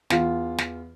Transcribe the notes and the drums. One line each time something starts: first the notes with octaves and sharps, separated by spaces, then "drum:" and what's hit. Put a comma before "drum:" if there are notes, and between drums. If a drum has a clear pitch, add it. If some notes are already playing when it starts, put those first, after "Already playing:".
E2 F4, drum: snare
drum: snare